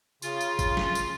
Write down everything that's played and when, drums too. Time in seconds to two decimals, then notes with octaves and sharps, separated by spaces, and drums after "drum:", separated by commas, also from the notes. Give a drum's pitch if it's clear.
0.22 C#3 F4, drum: tambourine
0.41 drum: tambourine
0.59 drum: kick G1, tambourine
0.77 drum: snare
0.95 drum: tambourine